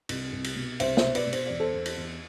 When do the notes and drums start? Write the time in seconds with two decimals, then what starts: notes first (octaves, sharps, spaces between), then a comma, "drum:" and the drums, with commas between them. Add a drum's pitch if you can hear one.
0.09 C2, drum: cymbal
0.33 C2
0.44 drum: cymbal
0.56 B2
0.80 C2 C5 E5, drum: cymbal
0.97 C5 E5, drum: snare
1.03 B2
1.15 B4 D5, drum: cymbal
1.27 B2
1.33 C5, drum: cymbal
1.46 E2 D5
1.60 A4 C5
1.74 E2
1.86 drum: cymbal
1.98 E2